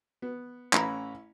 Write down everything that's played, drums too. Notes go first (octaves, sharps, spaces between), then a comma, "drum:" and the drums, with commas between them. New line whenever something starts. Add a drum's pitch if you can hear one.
B3
A1 E3 C#4 E4 A#5 B5, drum: clap